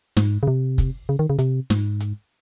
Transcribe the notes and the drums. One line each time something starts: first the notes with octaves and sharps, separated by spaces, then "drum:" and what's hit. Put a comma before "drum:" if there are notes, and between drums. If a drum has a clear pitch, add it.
G#2, drum: snare
C#3
C3
drum: kick, hi-hat
C#3
D#3
C#3
C3, drum: hi-hat
G#2, drum: snare
drum: hi-hat